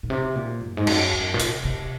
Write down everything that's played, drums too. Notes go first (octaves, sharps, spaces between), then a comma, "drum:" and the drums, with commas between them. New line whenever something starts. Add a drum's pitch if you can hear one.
A#2
C3
A#2
F#2
G#2
F#2, drum: cymbal
F#2
A#2
C3, drum: hi-hat
C3